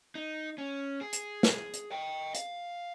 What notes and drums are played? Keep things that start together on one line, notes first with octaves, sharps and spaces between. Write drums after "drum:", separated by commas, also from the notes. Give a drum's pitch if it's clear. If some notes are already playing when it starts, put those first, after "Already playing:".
D#4
C#4
G#4
drum: hi-hat
drum: snare
drum: hi-hat
D#5 G5
F5, drum: hi-hat